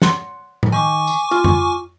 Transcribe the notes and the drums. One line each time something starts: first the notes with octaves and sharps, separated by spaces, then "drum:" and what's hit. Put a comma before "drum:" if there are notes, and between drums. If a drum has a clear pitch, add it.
F#5 C6, drum: snare
drum: tom A2
D#3 G#5 C#6 D6
drum: tambourine
F4
drum: tom F2